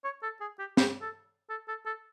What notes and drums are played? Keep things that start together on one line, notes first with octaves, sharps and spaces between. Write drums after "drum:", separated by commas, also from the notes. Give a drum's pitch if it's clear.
C#5
A4
G#4
G4
G4, drum: snare
A4
A4
A4
A4